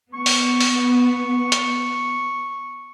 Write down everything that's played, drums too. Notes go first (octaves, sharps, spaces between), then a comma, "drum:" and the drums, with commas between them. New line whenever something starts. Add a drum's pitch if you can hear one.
B3 C#6
drum: open hi-hat
drum: open hi-hat
drum: hi-hat